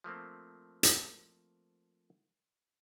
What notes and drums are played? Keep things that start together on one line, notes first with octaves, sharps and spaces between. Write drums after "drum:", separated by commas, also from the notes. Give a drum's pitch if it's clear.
F3 A3 A#3 C4
drum: hi-hat